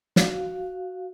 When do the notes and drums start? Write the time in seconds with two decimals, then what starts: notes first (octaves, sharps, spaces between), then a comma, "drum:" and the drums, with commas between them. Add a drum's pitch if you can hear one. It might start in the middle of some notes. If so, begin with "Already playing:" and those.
0.16 F#4 F5, drum: snare